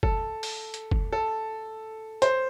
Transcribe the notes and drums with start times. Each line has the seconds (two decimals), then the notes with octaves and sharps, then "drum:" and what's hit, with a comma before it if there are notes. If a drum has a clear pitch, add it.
0.03 A4, drum: kick
0.43 drum: open hi-hat
0.74 drum: hi-hat
0.91 drum: kick
1.13 A4
2.22 C5, drum: hi-hat